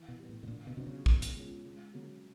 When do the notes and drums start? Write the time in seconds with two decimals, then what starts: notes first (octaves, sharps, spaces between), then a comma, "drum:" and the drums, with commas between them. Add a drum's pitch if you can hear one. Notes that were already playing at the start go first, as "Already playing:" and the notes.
Already playing: E3
0.08 B2
0.19 G3 B3
0.29 A2
0.43 B2
0.48 A#2 D3
0.67 B2
0.77 C3 F#3 B3 D4
0.87 C#3
1.06 B2, drum: kick
1.22 drum: hi-hat
1.35 G#3 C#4 F4
1.65 C#2
1.94 C#3 F#3 A#3